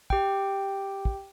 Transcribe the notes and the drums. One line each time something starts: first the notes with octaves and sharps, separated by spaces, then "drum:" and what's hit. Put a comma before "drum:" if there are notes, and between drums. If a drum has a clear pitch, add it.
G4 G5, drum: kick
drum: kick